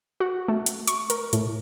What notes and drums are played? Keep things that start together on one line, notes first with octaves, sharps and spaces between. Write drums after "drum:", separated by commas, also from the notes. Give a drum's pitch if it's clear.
F#4
A3
drum: hi-hat
C#6, drum: hi-hat
A#4, drum: hi-hat
A2, drum: hi-hat